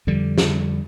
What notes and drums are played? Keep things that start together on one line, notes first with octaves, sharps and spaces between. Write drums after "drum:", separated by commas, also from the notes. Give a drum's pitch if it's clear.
F2 D3 G3
drum: snare